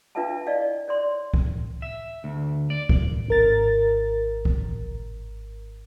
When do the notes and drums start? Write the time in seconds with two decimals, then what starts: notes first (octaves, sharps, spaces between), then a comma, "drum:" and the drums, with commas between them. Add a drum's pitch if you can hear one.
0.15 D4 F4 B4 E5 F5 A5
0.47 E4 D5 D#5 F5
0.88 C#5 D5 C6
1.34 drum: kick C2
1.82 E5
2.24 D2
2.70 D5
2.89 drum: kick C2
3.28 G#1 A#4 A6
4.45 drum: kick C2